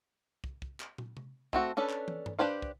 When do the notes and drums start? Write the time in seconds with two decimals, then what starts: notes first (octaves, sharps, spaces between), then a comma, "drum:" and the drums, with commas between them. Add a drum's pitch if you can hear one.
0.44 drum: kick
0.62 drum: kick
0.80 drum: clap
0.98 drum: tom
1.17 drum: tom C3
1.53 A3 C4 F#4, drum: kick
1.77 C#4 D4 A4 B4
1.90 drum: clap
2.08 drum: tom
2.26 drum: tom G2
2.39 D4 G4 B4 C5 F5
2.62 drum: kick